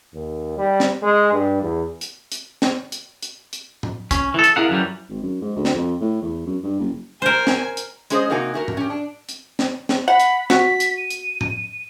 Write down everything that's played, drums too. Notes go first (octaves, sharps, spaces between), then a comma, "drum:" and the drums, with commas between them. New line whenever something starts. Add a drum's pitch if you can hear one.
D#2
G3
drum: snare
G#3
G2
E2
drum: hi-hat
drum: hi-hat
drum: snare
drum: hi-hat
drum: hi-hat
drum: hi-hat
drum: tom A2
C#4, drum: kick, hi-hat
E3 A4
drum: hi-hat
E4 G#4 A#4 F5 F#5
F#2 E3 F#3 G3
G#1
F#2
G#2
D2
drum: snare
F2
A2
E2
F#2
G2
F#1
A#4 C5 G#5
drum: snare
drum: hi-hat
G#3 C#4 G#4 B4 C5 D#5, drum: hi-hat
C3 A#3 D#4 F#4 G#5
A3 F#4 A#4
drum: tom A2
C#4 G4
D4
drum: hi-hat
drum: snare
drum: snare
F#5 B5
drum: hi-hat
F#4 B6, drum: snare
drum: hi-hat
D#7
drum: hi-hat
drum: tom A2